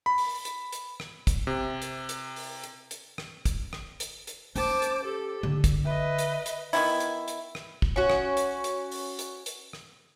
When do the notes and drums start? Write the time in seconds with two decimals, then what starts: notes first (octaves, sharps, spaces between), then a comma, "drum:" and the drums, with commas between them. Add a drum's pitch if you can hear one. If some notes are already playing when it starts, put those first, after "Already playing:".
0.06 B5
0.18 drum: open hi-hat
0.45 drum: hi-hat
0.72 drum: hi-hat
1.00 drum: rim click
1.27 drum: kick, hi-hat
1.47 C3
1.82 drum: hi-hat
2.09 drum: hi-hat
2.36 drum: open hi-hat
2.64 drum: hi-hat
2.91 drum: hi-hat
3.18 drum: rim click
3.45 drum: kick, hi-hat
3.73 drum: rim click
4.00 drum: hi-hat
4.27 drum: hi-hat
4.56 C#4 C5 A5 D6, drum: open hi-hat
4.82 drum: hi-hat
5.04 G4 A4
5.43 D3
5.64 drum: kick, hi-hat
5.85 B4 D#5 E5
6.18 drum: hi-hat
6.46 drum: hi-hat
6.73 D#3 B3 E4, drum: open hi-hat
7.00 drum: hi-hat
7.28 drum: hi-hat
7.55 drum: rim click
7.82 drum: kick
7.96 C#4 F#4
8.10 drum: rim click
8.37 drum: hi-hat
8.64 drum: hi-hat
8.91 drum: open hi-hat
9.19 drum: hi-hat
9.46 drum: hi-hat
9.73 drum: rim click